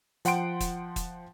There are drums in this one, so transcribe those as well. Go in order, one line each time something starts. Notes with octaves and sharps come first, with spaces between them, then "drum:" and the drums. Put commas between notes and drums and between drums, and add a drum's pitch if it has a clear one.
F3 F#5 G5 C6 D7, drum: hi-hat
drum: kick, hi-hat
drum: kick, hi-hat